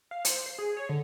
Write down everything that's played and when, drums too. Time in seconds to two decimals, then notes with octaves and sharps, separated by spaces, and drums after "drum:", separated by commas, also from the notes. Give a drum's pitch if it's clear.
0.11 F5
0.25 C5, drum: hi-hat
0.46 C7
0.58 G#4
0.77 C#5
0.89 D3